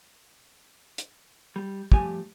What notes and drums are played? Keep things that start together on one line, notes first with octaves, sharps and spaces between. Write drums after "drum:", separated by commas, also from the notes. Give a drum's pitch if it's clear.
drum: hi-hat
G3
G2 F3 A3 G4 G#5, drum: kick